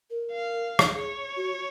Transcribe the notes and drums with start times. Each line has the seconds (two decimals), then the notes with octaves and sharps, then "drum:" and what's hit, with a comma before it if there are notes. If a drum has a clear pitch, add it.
0.10 A#4
0.32 F5
0.79 drum: rim click
0.95 G#4 C#5
1.36 F#4